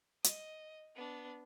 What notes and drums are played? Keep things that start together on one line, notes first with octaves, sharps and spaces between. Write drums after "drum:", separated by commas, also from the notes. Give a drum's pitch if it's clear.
D#5, drum: hi-hat
B3 D4